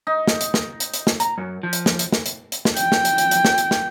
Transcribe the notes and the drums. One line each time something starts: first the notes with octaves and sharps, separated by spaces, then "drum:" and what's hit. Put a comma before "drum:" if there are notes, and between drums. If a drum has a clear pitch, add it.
D#4
drum: snare
drum: hi-hat
drum: snare
drum: hi-hat
drum: hi-hat
drum: snare
A#5, drum: hi-hat
F#2
F3
drum: hi-hat
drum: snare
drum: hi-hat
drum: snare
drum: hi-hat
drum: hi-hat
drum: snare
G5, drum: hi-hat
drum: snare
drum: hi-hat
drum: hi-hat
drum: hi-hat
drum: snare
drum: hi-hat
drum: snare